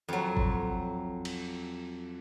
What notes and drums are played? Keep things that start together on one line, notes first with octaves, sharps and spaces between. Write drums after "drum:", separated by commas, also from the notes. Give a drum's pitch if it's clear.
F2 F#3
drum: kick
drum: cymbal